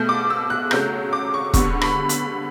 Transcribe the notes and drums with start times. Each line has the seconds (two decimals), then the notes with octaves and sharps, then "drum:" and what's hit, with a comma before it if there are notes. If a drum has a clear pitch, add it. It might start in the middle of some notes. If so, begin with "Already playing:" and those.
Already playing: B2 A3 G6
0.09 D6
0.30 E6
0.50 F#6
0.71 C#3 F#3 A3 G6, drum: rim click
1.13 D6
1.34 C#6
1.54 D3 G3 B3 C#6, drum: kick, hi-hat
1.81 B5, drum: rim click
2.09 B5, drum: hi-hat